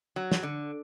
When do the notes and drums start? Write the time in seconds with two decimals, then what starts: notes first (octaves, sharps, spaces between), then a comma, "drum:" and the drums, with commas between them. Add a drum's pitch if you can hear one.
0.16 F#3
0.32 drum: snare
0.43 D3